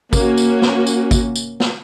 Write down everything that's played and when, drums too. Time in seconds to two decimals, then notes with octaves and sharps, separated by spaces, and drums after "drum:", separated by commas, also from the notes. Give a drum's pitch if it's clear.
0.13 A#3 C#4 F#4, drum: kick, tambourine
0.37 drum: tambourine
0.62 drum: snare
0.87 drum: tambourine
1.11 drum: kick, tambourine
1.36 drum: tambourine
1.60 drum: snare